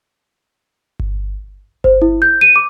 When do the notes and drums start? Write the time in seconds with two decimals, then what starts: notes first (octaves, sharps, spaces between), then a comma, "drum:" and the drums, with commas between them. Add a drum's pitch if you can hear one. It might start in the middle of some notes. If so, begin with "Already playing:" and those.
1.00 drum: kick G1
1.84 C5, drum: kick G1
2.02 E4
2.22 G6
2.41 D#7
2.56 D6